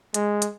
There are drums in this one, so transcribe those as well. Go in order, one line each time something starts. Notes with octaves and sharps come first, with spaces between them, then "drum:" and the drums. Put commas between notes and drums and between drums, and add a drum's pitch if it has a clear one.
G#3, drum: hi-hat
drum: hi-hat